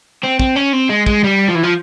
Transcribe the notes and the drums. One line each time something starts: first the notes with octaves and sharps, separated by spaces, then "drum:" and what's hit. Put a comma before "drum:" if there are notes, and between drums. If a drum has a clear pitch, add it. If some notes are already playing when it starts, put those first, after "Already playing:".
C4
C4, drum: kick
C#4
C4
G#3
G#3, drum: kick
G3
F3
E3
F3